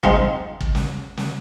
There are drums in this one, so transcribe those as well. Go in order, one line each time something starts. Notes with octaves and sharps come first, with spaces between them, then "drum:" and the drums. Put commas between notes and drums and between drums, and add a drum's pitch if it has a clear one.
G#2 F3 G#3 C4 D#4, drum: kick
drum: kick
drum: snare
drum: snare